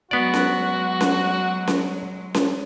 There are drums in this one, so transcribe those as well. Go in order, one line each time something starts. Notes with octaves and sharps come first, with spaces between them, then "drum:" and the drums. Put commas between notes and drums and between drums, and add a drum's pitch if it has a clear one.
F#3 G#3 B3 F#4 D5
drum: snare C#4
drum: snare C#4
drum: snare C#4
drum: snare C#4